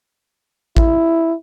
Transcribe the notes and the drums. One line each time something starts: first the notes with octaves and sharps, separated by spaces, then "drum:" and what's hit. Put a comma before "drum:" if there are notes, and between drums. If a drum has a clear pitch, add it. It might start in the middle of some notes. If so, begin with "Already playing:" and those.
E4, drum: kick A1